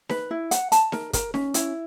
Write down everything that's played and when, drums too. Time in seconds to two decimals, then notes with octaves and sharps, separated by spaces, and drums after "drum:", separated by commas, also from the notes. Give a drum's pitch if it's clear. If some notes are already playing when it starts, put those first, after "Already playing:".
0.09 B4, drum: snare D#4
0.31 E4
0.51 F#5, drum: hi-hat
0.72 A5, drum: hi-hat
0.92 A#4, drum: snare D#4
1.13 A#4, drum: kick, hi-hat
1.34 C#4, drum: snare D#4
1.54 E4, drum: hi-hat